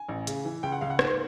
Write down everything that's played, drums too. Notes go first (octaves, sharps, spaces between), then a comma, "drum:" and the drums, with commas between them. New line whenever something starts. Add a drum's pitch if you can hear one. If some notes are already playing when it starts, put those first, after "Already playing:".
Already playing: G#5
A1
C#3, drum: hi-hat
E3
C#2 G5
F#5
C#2 F5
F#5
G#2, drum: rim click